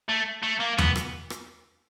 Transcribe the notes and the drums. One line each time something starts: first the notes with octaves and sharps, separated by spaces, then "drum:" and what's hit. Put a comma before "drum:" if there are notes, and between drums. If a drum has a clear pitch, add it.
A3
A3
A#3
B3, drum: tom E2
drum: rim click
drum: rim click